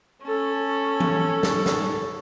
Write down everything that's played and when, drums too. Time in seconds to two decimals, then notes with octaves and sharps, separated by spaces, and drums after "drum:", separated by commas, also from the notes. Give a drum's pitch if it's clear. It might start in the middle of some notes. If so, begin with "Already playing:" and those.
0.25 C#4 A4
1.00 drum: tom E3
1.43 drum: snare
1.66 drum: snare